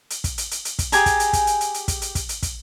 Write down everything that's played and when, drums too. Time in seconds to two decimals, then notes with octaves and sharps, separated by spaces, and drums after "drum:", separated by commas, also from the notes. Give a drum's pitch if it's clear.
0.10 drum: hi-hat
0.24 drum: kick, hi-hat
0.38 drum: hi-hat
0.51 drum: hi-hat
0.65 drum: hi-hat
0.79 drum: kick, hi-hat
0.92 G4 G#4 G#5 A#5, drum: hi-hat
1.06 drum: kick, hi-hat
1.20 drum: hi-hat
1.33 drum: kick, hi-hat
1.47 drum: hi-hat
1.61 drum: hi-hat
1.74 drum: hi-hat
1.88 drum: kick, hi-hat
2.02 drum: hi-hat
2.15 drum: kick, hi-hat
2.29 drum: hi-hat
2.43 drum: kick, hi-hat